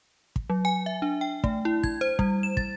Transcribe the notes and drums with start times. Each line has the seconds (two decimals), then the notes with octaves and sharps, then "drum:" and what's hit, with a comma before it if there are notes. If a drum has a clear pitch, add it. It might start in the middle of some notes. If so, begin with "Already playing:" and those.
0.36 drum: kick
0.50 F#3
0.65 G#5
0.86 E5
1.02 D4
1.21 G5
1.44 A3, drum: kick
1.65 E4
1.83 G#6, drum: kick
2.01 C5
2.19 G3, drum: kick
2.43 E7
2.57 A6, drum: kick